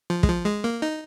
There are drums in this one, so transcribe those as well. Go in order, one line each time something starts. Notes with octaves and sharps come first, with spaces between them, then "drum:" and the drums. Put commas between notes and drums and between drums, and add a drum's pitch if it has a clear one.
F3
G#3, drum: kick
F3
G#3
A#3
D#4